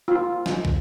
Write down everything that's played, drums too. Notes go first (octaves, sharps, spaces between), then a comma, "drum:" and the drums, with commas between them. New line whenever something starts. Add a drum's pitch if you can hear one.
F4
drum: snare
drum: kick